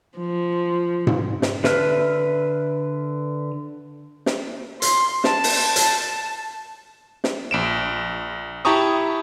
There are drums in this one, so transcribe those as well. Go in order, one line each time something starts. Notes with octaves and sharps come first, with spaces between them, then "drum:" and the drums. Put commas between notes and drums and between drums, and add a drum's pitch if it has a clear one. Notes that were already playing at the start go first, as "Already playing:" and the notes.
F3
drum: tom G#2
drum: snare
D3 B4 E5 F6, drum: snare
drum: snare
C6, drum: hi-hat
A5, drum: snare
drum: open hi-hat
drum: hi-hat
drum: snare
A#1 D7 E7
E4 G4 A5 A#5 C#6 D#6